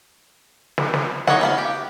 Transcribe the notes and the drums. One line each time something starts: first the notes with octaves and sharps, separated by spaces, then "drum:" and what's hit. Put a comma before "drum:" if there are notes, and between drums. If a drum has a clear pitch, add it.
drum: snare
drum: snare
D#4 C#5 D#5 F#5, drum: snare
B3 E5 F5
G4